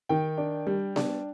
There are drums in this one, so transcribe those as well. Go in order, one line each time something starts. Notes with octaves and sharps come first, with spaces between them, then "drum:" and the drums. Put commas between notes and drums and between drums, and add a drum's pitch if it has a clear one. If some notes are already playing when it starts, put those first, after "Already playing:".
D#3 G5
D4
G3
D4, drum: snare B3